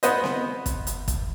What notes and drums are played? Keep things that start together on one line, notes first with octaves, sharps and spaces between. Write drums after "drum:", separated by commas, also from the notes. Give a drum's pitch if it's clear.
B3 B4 C5 D#5, drum: hi-hat
drum: snare C4
drum: kick, hi-hat
drum: hi-hat
drum: kick, hi-hat